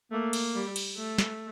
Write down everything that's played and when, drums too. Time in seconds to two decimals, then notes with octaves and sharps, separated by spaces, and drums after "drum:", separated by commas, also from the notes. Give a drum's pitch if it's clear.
0.11 A3 A#3
0.33 drum: cymbal
0.55 G3
0.76 drum: cymbal
0.97 A3
1.18 drum: snare